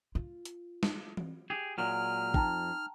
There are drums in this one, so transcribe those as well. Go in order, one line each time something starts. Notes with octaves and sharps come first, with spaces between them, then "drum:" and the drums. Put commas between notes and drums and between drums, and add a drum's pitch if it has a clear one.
F4
drum: hi-hat
drum: snare
drum: tom E3
G4 G#4
A#2 F#3 G#3 F6
F2 D#4 G5 A5 A#5, drum: kick